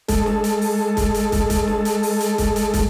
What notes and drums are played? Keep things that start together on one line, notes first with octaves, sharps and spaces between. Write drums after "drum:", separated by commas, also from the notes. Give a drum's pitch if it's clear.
G#3 A4, drum: kick, hi-hat
drum: snare
drum: hi-hat
drum: open hi-hat
drum: kick, hi-hat
drum: hi-hat
drum: kick, hi-hat
drum: kick, hi-hat
drum: snare
drum: hi-hat
drum: open hi-hat
drum: hi-hat
drum: kick, hi-hat
drum: hi-hat
drum: kick, hi-hat